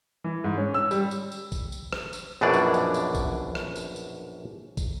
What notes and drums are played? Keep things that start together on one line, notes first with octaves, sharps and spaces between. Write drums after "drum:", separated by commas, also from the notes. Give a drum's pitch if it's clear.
E3
G#2
C#4
E6
G3, drum: tambourine
drum: tambourine
drum: tambourine
drum: kick, tambourine
drum: tambourine
drum: rim click
drum: tambourine
A#1 F#2 B2 E3 D4 D5
drum: tambourine
drum: tambourine
drum: tambourine
drum: kick, tambourine
drum: rim click
drum: tambourine
drum: tambourine
drum: kick, tambourine